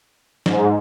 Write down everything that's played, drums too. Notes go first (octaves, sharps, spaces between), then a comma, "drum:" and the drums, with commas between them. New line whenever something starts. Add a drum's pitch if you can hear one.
G#2, drum: snare